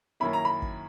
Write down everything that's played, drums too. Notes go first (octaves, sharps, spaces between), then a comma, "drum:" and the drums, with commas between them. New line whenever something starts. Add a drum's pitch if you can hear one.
F#2 D#3 A#3 C#4 E4 B5
A#5
B5
drum: kick